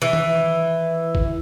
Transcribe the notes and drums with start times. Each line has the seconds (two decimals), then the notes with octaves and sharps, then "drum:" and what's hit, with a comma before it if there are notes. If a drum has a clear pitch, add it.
0.02 E3
0.13 drum: tom D#3
1.15 drum: kick